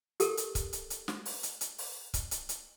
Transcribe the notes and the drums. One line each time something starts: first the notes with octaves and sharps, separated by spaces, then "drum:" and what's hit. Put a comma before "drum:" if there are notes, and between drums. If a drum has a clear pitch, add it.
G4 A4 A#4, drum: hi-hat
drum: hi-hat
drum: kick, hi-hat
drum: hi-hat
drum: hi-hat
drum: snare
drum: open hi-hat
drum: hi-hat
drum: hi-hat
drum: open hi-hat
drum: kick, hi-hat
drum: hi-hat
drum: hi-hat